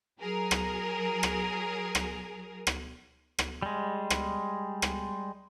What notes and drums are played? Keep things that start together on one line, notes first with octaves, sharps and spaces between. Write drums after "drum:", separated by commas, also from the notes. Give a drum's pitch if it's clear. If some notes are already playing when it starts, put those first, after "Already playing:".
F#3 G#4 A#4
drum: rim click
drum: rim click
drum: rim click
drum: rim click
drum: rim click
G3 G#3
drum: rim click
drum: rim click